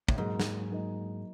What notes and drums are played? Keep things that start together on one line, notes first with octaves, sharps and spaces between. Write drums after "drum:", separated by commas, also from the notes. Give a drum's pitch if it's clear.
A2, drum: kick
G#2 F#3 A#3 D#4
drum: snare
F#3 A#3 D#4